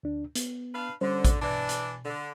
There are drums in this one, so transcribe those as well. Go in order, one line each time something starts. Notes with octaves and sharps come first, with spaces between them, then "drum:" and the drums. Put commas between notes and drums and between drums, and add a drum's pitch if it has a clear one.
D2 D4
B3, drum: hi-hat
D4 B4 F5
D3 G3 C#4 C5
drum: kick A1, hi-hat
B2 E3 D4
drum: hi-hat
D3